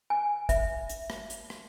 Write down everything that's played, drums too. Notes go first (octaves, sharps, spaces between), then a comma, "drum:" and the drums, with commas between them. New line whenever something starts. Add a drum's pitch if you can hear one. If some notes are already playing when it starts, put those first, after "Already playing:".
G#5
E5, drum: kick, hi-hat
drum: hi-hat
drum: rim click
drum: hi-hat
drum: rim click